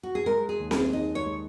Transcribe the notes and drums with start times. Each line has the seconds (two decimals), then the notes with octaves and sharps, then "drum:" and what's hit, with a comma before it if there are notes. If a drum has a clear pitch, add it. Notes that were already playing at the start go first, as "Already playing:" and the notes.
0.03 F#4
0.15 G#4
0.26 G#3 A#4
0.49 G#4
0.60 D#2
0.71 G#4, drum: snare C4
0.93 D#4 D#5
1.15 C#5
1.26 G#3